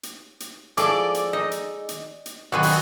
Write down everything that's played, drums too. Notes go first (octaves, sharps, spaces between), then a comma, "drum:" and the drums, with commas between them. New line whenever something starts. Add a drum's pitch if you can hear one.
drum: hi-hat
drum: hi-hat
F3 G#3 E4 G#4 A4 D5 D6, drum: hi-hat
drum: hi-hat
D#4 D#5
drum: hi-hat
drum: hi-hat
drum: hi-hat
B1 D3 D#3 B3 C4 F#4 B4 G#5
drum: open hi-hat